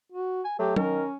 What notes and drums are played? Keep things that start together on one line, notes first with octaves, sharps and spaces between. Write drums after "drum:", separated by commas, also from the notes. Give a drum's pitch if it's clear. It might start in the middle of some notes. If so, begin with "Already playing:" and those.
F#4
G#5
F#3 A3 G4
D#3 C#4 A#4, drum: tom